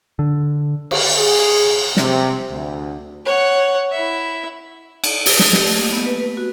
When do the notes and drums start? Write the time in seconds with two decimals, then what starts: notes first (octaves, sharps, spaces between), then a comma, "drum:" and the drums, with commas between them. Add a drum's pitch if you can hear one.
0.19 D3
0.91 drum: cymbal
1.17 G#4
1.97 C3, drum: snare
2.50 D2
3.25 C#5 F#5
3.92 E4 E5
5.04 drum: cymbal
5.26 drum: open hi-hat
5.39 D#6, drum: snare
5.53 G4, drum: snare
5.65 A3
5.78 A#3
5.93 B3
6.06 B4
6.20 B4
6.37 F#4